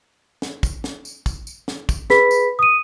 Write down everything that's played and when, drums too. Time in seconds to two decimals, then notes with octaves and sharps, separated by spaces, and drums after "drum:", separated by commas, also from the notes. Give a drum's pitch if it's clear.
0.42 drum: snare
0.63 drum: kick, tambourine
0.84 drum: snare
1.05 drum: tambourine
1.26 drum: kick, tambourine
1.47 drum: tambourine
1.68 drum: snare
1.89 drum: kick, tambourine
2.10 G#4 B4 B5 B6, drum: snare
2.31 drum: tambourine
2.59 D#6 D#7